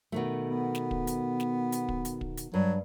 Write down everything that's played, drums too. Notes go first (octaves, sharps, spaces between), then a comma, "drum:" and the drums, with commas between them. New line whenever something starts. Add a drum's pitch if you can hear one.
B2 D#3 A3
B3
drum: snare
drum: kick
drum: hi-hat
drum: snare
drum: hi-hat
drum: kick
drum: hi-hat
drum: kick
drum: hi-hat
G2 F#3